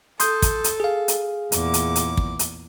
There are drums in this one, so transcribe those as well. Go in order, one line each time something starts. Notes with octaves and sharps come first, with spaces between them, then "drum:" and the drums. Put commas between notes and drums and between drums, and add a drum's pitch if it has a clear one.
A4 C6 D#6 G6, drum: hi-hat
drum: kick, hi-hat
drum: hi-hat
G#4 F5
drum: hi-hat
E2 A#2 D6, drum: hi-hat
drum: hi-hat
drum: hi-hat
drum: kick
drum: hi-hat